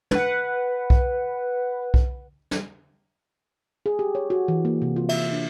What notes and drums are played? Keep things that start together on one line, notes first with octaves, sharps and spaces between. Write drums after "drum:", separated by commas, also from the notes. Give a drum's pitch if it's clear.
B4 F#5, drum: tom
drum: kick B1
drum: kick B1
drum: snare
G#4
G4
C#5
F#4
E3
A#3
C3
F4
E5, drum: cymbal
D4